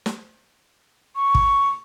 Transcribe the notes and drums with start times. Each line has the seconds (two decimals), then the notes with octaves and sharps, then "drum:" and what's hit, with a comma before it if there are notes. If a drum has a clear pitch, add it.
0.06 drum: snare
1.16 C#6
1.35 drum: kick